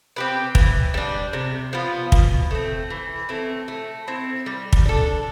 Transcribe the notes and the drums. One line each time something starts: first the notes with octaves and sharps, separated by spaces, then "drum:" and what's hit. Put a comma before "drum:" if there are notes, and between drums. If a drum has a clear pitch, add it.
C4 G4 B4
E3, drum: kick
G3 D4
C3
F3 B3 F4
B2, drum: kick
A3 C4
E3
A3 C4 E4
A3
C4 E4
G3
drum: kick
D4 A4